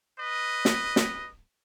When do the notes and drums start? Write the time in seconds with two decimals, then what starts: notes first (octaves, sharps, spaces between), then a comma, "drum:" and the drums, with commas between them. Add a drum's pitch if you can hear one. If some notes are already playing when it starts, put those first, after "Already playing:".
0.18 B4 D#5
0.65 drum: snare
0.96 drum: snare